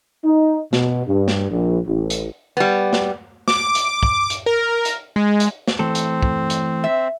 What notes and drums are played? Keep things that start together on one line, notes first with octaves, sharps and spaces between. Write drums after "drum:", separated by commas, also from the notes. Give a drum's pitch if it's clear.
D#4
B2, drum: snare
G2
drum: snare
A#1
A1
drum: hi-hat
G3 B3
drum: snare
D6, drum: snare
drum: hi-hat
drum: kick
drum: hi-hat
A#4
drum: hi-hat
G#3
drum: hi-hat
drum: snare
E3 A3 C4 A4
drum: hi-hat
drum: kick
drum: hi-hat
E5